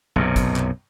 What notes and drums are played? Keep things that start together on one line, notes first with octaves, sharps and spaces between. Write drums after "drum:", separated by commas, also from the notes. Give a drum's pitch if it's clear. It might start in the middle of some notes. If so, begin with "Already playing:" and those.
B1 F#2 C3
drum: kick, hi-hat
drum: clap